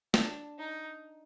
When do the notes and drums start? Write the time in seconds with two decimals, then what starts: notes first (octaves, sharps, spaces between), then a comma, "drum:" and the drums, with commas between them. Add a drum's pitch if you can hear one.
0.14 D4, drum: snare
0.58 D#4